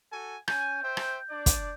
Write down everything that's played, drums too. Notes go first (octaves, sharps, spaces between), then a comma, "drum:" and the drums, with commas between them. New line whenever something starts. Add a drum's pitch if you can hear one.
F#4 A4 G#5
C#4 G#5 G6, drum: rim click
C5 E5 G5
drum: rim click
D4 D5
drum: kick, hi-hat